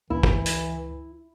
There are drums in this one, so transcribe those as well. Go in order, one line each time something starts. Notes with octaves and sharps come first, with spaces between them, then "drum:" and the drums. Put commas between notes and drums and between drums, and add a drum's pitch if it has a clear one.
C#2 E3 E4
drum: kick
drum: hi-hat